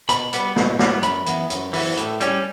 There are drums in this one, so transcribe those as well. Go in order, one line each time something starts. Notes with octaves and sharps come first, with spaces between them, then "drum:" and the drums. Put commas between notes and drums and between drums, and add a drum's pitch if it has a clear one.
B2 B5, drum: hi-hat
G3 B3, drum: hi-hat
B2, drum: snare
G3 B3, drum: snare
F#2 B5, drum: hi-hat
E3 B3, drum: hi-hat
F#2, drum: hi-hat
E3 B3, drum: open hi-hat
A2, drum: hi-hat
G3 C#4, drum: hi-hat